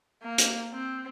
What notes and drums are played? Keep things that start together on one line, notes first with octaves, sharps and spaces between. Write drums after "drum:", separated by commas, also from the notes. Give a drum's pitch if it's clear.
A#3
drum: hi-hat
C4